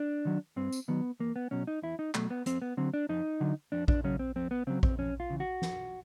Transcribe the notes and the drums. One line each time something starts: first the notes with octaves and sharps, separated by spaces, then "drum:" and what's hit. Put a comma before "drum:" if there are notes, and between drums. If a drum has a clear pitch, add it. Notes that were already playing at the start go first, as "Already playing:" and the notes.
Already playing: D4
D#3 F#3
G2 C4
drum: tambourine
D#3 F#3 B3
E2 A#3
B3
B2 F#3 C#4
D#4
E2 E4
D#4
B2 F#3 A3, drum: clap
B3
F2 C4, drum: hi-hat
B3
D3 F#3 C4
D4
F2 D#4
D3 F#3
F2 D4
D4, drum: kick
C#3 F#3 C#4
C4
F2 C4
B3
C#3 F#3 C4
C4, drum: kick
F2 C#4
F4
C#3 E3
F#4
F2, drum: snare